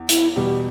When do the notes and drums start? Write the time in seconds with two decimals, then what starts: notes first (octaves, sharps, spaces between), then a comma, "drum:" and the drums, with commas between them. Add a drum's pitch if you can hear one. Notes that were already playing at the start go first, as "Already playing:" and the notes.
Already playing: E2
0.09 E4, drum: hi-hat
0.36 E2 B2 G3 G4